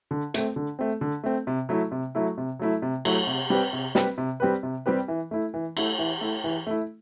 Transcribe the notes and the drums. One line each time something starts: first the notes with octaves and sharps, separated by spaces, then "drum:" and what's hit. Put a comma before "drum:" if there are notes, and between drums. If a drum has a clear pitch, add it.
D3
A3 C4, drum: hi-hat
D3
A3 C4
D3
A3 C4
C3
F#3 A3 E4
C3
F#3 A3 E4
C3
F#3 A3 E4
C3
F#3 A3 E4, drum: cymbal
C3
G3 C4 G4 B4
C3
G3 C4 G4 B4, drum: snare
C3
G3 C4 G4 B4
C3
G3 C4 G4 B4
E3
A3 E4
E3
A3 E4, drum: cymbal
E3
A3 E4
E3
A3 E4